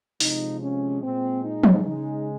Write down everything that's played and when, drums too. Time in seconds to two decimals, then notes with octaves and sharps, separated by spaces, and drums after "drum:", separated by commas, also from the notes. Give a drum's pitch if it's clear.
0.20 C3 F3 G#3 D#4, drum: open hi-hat
0.61 C#4
1.02 A#2 G#3 C4
1.44 D#4
1.64 drum: tom
1.85 C#3 G#3 D#4